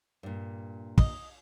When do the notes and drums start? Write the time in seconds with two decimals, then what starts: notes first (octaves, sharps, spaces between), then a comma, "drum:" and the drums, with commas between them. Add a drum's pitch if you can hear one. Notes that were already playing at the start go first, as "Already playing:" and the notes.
0.23 G2 A#2
0.98 D#5, drum: kick